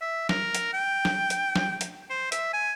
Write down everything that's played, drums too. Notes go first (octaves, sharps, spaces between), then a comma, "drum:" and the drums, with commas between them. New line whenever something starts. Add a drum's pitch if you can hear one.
E5
A#4, drum: snare
drum: hi-hat
G5
drum: snare
drum: hi-hat
drum: snare
drum: hi-hat
C5
E5, drum: hi-hat
G#5